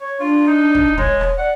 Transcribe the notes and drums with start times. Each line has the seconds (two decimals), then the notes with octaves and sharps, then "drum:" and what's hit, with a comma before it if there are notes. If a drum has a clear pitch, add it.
0.01 C#5
0.20 D4 F4
0.47 D#4
0.75 drum: kick
0.98 G#3 C#5, drum: kick
1.21 drum: rim click
1.38 D5 F#5